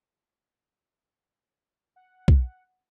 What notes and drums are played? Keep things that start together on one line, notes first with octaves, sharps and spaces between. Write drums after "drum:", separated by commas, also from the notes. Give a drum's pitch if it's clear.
F#5
drum: kick